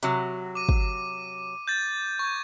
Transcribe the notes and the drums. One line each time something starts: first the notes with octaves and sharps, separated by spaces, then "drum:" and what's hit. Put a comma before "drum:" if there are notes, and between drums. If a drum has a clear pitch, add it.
C3 F#3, drum: hi-hat
D6 D#7
drum: kick
G6 A6
C#6 G#6